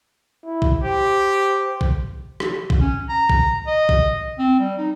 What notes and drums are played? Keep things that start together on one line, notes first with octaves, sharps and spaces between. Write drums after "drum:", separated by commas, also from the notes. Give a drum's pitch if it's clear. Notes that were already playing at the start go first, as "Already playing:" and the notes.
E4
drum: kick A#1
G4 C5
drum: kick A#1
drum: rim click
drum: kick A#1
C#4
A#5
drum: kick A#1
D#5
drum: kick A#1
C4
G3
D#4